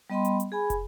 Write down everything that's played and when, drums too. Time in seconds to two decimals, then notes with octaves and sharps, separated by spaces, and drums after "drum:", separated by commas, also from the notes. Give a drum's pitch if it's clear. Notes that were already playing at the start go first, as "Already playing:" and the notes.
0.10 G3 B3 D#5 G5 B5 C6
0.25 drum: hi-hat
0.40 drum: hi-hat
0.52 G#4 G#5 B5
0.70 drum: kick, hi-hat